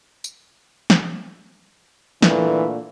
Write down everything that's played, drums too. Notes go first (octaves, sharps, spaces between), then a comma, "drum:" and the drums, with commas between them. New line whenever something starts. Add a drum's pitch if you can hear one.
drum: tambourine
drum: snare
A#2 D3 E3 A3, drum: snare